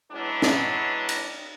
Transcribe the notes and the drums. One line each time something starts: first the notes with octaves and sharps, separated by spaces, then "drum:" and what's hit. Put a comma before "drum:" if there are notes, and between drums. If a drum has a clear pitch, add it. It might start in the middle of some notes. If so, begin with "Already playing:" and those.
E3 F#3 G#3 B3 C#4 D4
drum: snare
drum: cymbal